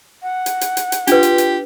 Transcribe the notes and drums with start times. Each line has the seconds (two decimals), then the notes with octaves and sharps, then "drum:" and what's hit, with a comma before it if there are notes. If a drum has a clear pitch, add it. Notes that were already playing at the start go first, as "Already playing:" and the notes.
0.23 F#5
0.46 drum: hi-hat
0.61 drum: hi-hat
0.77 drum: hi-hat
0.92 drum: hi-hat
1.07 D4 F4 G4 B4, drum: hi-hat
1.23 drum: hi-hat
1.38 drum: hi-hat